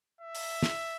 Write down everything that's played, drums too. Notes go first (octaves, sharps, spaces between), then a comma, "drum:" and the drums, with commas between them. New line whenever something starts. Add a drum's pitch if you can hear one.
E5
drum: open hi-hat
drum: snare